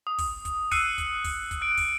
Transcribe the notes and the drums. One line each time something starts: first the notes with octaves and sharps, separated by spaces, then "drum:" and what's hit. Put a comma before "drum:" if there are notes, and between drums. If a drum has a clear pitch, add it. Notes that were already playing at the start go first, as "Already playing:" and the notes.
D#6
drum: kick, open hi-hat
drum: kick, hi-hat
E6 F#6 C7 C#7 D#7, drum: kick, open hi-hat
drum: kick, hi-hat
drum: kick, open hi-hat
drum: kick, hi-hat
F#6 D7
drum: kick, open hi-hat